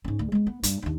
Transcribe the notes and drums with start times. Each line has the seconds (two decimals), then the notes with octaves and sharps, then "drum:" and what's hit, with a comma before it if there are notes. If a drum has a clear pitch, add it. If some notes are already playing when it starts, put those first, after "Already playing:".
0.04 G#2 C#4
0.19 D2
0.32 G#3 B3
0.47 B3
0.63 G2, drum: hi-hat
0.82 D#2 D4